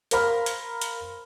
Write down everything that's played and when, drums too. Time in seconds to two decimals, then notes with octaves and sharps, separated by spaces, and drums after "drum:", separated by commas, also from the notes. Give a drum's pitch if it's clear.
0.11 A#4 C5 F5 A#5 B5 F6, drum: hi-hat
0.46 drum: hi-hat
0.82 drum: hi-hat